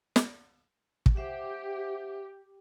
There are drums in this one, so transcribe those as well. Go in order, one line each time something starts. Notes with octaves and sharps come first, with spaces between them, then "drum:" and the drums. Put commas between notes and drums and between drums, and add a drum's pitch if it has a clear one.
drum: snare
drum: kick
G4 C5 E5 F#5